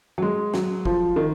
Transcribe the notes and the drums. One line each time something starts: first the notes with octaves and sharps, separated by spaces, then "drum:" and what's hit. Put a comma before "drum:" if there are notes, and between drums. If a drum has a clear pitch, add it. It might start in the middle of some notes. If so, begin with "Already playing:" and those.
F#3
G#3
F#3, drum: snare
F3, drum: kick
D#3